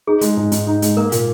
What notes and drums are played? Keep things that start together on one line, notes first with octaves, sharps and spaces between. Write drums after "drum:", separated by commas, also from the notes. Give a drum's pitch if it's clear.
D#4 G#4
G#3, drum: hi-hat
G#2
G#2, drum: hi-hat
D#4
G#3, drum: hi-hat
A#3 A#4
A#2, drum: hi-hat